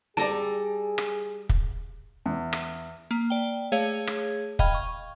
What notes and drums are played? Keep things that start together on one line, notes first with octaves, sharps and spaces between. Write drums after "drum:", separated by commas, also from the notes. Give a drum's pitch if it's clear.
G3 G#4 A4 D5 A5 A#5
drum: rim click
drum: kick
E2
drum: rim click
A#3
D5 G5
A3 G#4 C#5 F5 G#6
drum: rim click
D#5 F5 G5 B5 F6 G#6, drum: kick
C#6